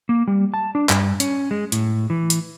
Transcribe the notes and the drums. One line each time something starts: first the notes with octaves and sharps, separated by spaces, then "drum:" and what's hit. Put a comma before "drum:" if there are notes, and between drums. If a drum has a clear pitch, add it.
A#3
G3
A5
D4
G2, drum: clap
C#4, drum: hi-hat
G#3
A2, drum: hi-hat
E3
drum: hi-hat